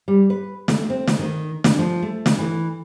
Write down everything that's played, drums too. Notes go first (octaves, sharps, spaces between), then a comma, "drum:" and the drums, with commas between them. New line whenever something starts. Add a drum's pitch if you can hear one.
G3
B4
A3, drum: snare
C4
drum: snare
D#3
D4, drum: snare
F3
A3
drum: snare
E3